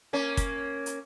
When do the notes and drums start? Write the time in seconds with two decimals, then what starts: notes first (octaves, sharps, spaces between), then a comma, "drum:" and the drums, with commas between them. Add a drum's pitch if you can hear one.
0.13 A#3 C#4
0.37 drum: kick, hi-hat
0.86 drum: hi-hat